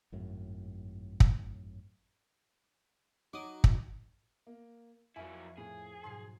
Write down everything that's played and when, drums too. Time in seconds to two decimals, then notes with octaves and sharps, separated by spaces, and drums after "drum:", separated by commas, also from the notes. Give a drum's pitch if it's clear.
0.12 G#1 F#2 A2
1.20 drum: kick
3.33 F#3 D#4 D6 D#6
3.64 drum: kick
4.47 A#3
5.16 F2 F#3 E4 A#4 G#5
5.58 A2 G#4
6.04 G#2 B2 F#3 C6 C7